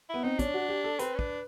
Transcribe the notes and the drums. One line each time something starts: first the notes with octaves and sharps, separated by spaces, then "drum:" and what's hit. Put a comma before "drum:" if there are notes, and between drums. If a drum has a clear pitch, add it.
B3 E4
C4 D#4
C#4 D4, drum: kick, hi-hat
F#4
G4
A4
C4 B4, drum: hi-hat
C#4
D4, drum: kick